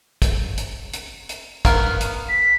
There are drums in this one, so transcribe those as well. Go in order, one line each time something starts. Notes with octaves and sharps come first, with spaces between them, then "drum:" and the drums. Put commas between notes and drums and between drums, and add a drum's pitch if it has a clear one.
drum: kick, hi-hat
drum: hi-hat
drum: hi-hat
drum: hi-hat
B3 A#4 F5, drum: kick, hi-hat
drum: hi-hat
B6